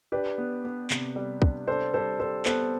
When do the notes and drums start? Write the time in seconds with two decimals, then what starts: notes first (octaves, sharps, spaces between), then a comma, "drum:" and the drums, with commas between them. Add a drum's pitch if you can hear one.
0.12 D4 G4 B4
0.38 B3
0.65 B3
0.90 C3, drum: clap
1.16 G3
1.42 D4, drum: kick
1.67 D4 A4 C5
1.93 G3 A4 C5
2.20 G3 A4 C5
2.45 B3 A4 C5, drum: clap